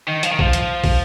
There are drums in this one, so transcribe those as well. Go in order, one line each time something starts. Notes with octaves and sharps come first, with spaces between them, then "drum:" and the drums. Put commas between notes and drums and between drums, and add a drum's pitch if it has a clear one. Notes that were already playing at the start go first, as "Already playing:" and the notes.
D#3
F3, drum: hi-hat
D#3
F3, drum: kick
drum: hi-hat
drum: kick, open hi-hat